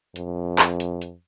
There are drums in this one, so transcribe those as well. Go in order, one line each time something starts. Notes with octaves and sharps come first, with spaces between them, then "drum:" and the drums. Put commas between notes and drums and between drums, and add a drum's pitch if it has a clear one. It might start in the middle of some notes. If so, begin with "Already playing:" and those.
F2, drum: hi-hat
drum: clap
drum: hi-hat
drum: hi-hat